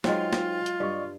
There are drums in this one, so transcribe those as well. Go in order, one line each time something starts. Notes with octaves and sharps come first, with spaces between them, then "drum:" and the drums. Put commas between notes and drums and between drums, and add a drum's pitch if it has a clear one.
F#3 G#3 D#4 F4 C5 G5, drum: snare
drum: snare
drum: hi-hat
G2 D5 D#5 C#6